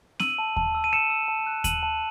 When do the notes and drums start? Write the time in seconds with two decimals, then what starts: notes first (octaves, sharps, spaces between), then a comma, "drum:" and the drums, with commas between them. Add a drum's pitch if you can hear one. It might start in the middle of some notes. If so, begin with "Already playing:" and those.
0.20 E6 D#7 F#7, drum: snare C4
0.38 A5
0.57 A5, drum: kick D#2
0.75 E6
0.84 D#7
0.93 E6 C#7 E7
1.10 E6
1.28 A5
1.47 F#6
1.64 A5 D#7 F#7, drum: kick D#2, hi-hat
1.83 A5